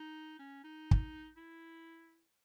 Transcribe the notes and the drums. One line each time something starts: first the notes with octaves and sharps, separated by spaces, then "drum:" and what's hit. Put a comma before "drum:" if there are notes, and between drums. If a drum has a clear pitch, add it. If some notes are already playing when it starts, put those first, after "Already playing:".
Already playing: D#4
C#4
D#4
drum: kick
E4